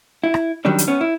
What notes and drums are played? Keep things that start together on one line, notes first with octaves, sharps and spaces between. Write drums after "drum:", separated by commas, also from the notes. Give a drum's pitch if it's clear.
E4
drum: rim click
D#3 F#3 G3 C#4 D4
drum: hi-hat
B3 C#4
E4